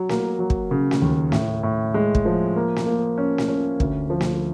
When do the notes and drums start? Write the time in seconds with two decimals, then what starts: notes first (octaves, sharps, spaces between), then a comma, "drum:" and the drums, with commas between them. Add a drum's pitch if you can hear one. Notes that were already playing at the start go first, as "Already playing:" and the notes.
Already playing: F#3
0.09 A#3, drum: snare
0.39 F#3
0.50 drum: kick
0.71 C#3
0.91 drum: snare
1.02 D#2
1.32 A2, drum: snare
1.63 A2
1.94 G#3
2.15 drum: kick
2.25 F3
2.56 A#3
2.76 drum: snare
2.86 A#3
3.18 C#4
3.38 drum: snare
3.48 C#4
3.80 D2, drum: kick
4.10 F3
4.21 drum: snare